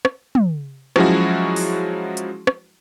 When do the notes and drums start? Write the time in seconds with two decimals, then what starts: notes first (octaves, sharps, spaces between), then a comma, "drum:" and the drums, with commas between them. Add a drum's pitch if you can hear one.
0.05 drum: rim click
0.35 drum: tom
0.96 F3 F#3 G#3 C#4 E4 F#4, drum: rim click
1.56 drum: open hi-hat
2.17 drum: hi-hat
2.47 drum: rim click